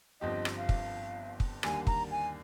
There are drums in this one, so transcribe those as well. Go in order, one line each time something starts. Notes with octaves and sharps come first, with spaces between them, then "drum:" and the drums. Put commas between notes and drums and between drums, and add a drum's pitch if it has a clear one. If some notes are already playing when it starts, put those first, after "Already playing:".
G1 G2 F3 C4 G4 D#5
drum: rim click
F5
drum: kick
drum: kick
D#2 D3 G3 A#3 G#5, drum: rim click
A#5, drum: kick
G#5